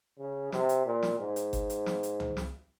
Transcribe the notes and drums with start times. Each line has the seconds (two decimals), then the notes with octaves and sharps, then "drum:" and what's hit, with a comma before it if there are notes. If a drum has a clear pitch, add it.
0.19 C#3
0.52 C3, drum: snare
0.69 drum: hi-hat
0.86 A#2
1.03 drum: snare
1.19 G#2
1.36 drum: hi-hat
1.53 drum: kick G1, hi-hat
1.70 drum: hi-hat
1.86 drum: snare
2.03 drum: hi-hat
2.20 drum: tom
2.37 drum: snare